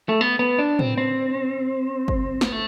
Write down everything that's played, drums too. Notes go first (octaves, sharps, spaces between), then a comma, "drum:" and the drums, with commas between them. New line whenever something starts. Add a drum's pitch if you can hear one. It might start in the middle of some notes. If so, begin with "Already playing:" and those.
A3
B3
B3
D4
C4, drum: tom A2
C4
drum: kick
B3, drum: snare
A3